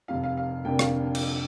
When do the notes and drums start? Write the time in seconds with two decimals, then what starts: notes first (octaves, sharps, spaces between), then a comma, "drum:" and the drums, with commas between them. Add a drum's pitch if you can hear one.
0.08 F1 F2 C3 F5
0.24 F5
0.37 F5
0.65 F1 F2 D3 A#3 D4 G5
0.79 F5, drum: rim click
1.15 drum: cymbal